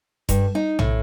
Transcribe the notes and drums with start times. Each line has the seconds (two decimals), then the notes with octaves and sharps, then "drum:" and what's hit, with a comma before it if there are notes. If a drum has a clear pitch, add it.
0.29 G2, drum: kick F1, hi-hat
0.55 D#4
0.79 A2, drum: tom